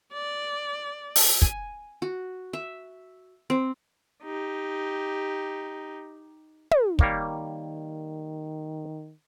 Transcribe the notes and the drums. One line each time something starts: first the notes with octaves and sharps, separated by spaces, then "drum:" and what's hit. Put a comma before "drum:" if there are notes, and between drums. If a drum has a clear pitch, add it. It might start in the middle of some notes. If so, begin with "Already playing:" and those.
D5
drum: open hi-hat
G#5, drum: kick
F#4
E5
C4
D#4 G4
drum: tom
D#3 G3 A#3 C#5, drum: kick